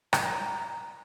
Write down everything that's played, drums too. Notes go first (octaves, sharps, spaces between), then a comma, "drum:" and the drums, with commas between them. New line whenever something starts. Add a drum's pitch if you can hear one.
A#5, drum: rim click